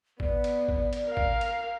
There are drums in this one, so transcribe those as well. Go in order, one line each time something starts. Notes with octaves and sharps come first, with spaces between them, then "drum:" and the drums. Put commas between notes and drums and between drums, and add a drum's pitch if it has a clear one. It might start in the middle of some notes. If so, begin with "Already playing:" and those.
B3 D5, drum: kick
drum: cymbal
drum: kick
drum: cymbal
A#4 F5
drum: kick
drum: cymbal